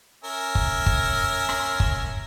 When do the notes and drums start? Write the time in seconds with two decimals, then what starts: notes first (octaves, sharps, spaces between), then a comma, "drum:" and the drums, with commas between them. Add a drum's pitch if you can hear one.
0.24 C#4 A#4 E5
0.55 drum: kick
0.86 drum: kick
1.49 drum: rim click
1.80 drum: kick